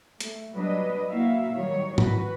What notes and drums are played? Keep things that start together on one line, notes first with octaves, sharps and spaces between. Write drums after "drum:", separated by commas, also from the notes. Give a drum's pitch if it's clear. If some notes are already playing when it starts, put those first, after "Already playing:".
A3, drum: hi-hat
F#3 G3 D4 B4 D#5
A#3 E4 F#4 E5 F5
D#3 F#3 G3 C#5
F#4 B4, drum: tom G#2